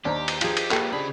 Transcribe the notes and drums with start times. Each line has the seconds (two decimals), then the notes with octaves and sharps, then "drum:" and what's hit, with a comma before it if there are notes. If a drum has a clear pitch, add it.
0.05 D#2 D4 G4 C5 A#5
0.28 drum: cymbal
0.41 F3 G#4, drum: cymbal
0.57 drum: cymbal
0.71 A#3 G4 A4 B4, drum: clap
0.93 C#3 D4 G#4 B5